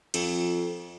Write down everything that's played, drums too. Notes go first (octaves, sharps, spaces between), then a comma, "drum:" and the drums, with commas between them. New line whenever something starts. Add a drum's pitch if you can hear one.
F2, drum: cymbal